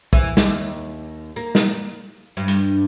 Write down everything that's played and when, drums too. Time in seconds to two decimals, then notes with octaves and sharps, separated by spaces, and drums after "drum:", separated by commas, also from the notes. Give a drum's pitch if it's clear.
0.13 E3, drum: kick
0.37 D#2, drum: snare
1.36 A#3
1.55 drum: snare
2.37 G2
2.48 drum: hi-hat